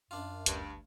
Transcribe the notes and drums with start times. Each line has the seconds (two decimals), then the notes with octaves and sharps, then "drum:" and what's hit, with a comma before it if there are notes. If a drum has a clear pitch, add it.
0.11 F#2 D4 F4
0.46 G1 D2 G2, drum: hi-hat